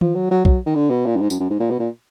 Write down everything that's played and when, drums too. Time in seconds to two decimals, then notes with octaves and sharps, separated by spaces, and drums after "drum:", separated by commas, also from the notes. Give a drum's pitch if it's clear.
0.01 F3, drum: tom D#3
0.15 F#3
0.31 F#3
0.45 F#3, drum: kick
0.66 D#3
0.75 D3
0.90 B2
1.06 A#2
1.16 F#2
1.21 G#2
1.30 F#2, drum: tambourine
1.40 F#2
1.50 G#2
1.60 A#2
1.70 B2
1.80 A#2